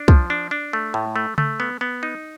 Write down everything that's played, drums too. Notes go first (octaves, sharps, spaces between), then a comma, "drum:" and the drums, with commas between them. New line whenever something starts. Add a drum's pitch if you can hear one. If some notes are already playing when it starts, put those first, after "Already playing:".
Already playing: D4
F3, drum: kick
D4
D4
A3
A2
A3
A3, drum: tom C#3
B3
B3
D#4